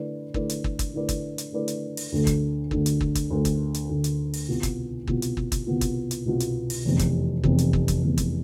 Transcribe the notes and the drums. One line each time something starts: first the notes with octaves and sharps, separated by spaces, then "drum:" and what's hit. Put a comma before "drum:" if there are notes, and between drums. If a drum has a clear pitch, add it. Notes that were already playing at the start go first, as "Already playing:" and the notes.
Already playing: D3 A3 E4 B4 D5
D3 A3 E4 B4 D5, drum: kick
drum: hi-hat
drum: kick
drum: kick, hi-hat
D3 A3 E4 B4 D5
drum: kick, hi-hat
drum: hi-hat
D3 A3 E4 B4 D5
drum: hi-hat
drum: open hi-hat
D2 D3 A3
drum: kick, hi-hat
D2 D3 A3, drum: kick
drum: hi-hat
drum: kick
drum: kick, hi-hat
D2 D3 A3
drum: kick, hi-hat
drum: hi-hat
D2 D3 A3
drum: hi-hat
drum: open hi-hat
C2 B2 B3 F4
drum: kick, hi-hat
C2 B2 B3 F4, drum: kick
drum: hi-hat
drum: kick
drum: kick, hi-hat
C2 B2 B3 F4
drum: kick, hi-hat
drum: hi-hat
C2 B2 B3 F4
drum: hi-hat
drum: open hi-hat
F1 E2 C3
drum: kick, hi-hat
F1 E2 C3, drum: kick
drum: hi-hat
drum: kick
drum: kick, hi-hat
F1 E2 C3
drum: kick, hi-hat